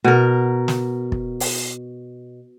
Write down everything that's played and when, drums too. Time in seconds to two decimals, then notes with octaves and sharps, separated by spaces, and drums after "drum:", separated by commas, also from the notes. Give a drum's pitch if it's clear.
0.04 B2 A#4
0.68 drum: snare
1.12 drum: kick
1.40 drum: open hi-hat